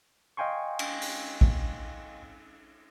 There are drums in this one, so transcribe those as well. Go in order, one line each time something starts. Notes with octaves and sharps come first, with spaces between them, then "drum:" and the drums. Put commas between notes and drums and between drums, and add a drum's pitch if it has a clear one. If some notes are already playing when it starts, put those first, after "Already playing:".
D#5 F5 G5 G#5 C6 C#6
drum: cymbal
drum: open hi-hat
drum: kick A#1